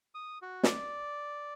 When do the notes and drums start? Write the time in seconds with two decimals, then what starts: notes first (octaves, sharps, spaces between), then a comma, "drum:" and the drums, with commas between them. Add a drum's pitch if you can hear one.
0.15 D#6
0.42 F#4
0.63 D5, drum: snare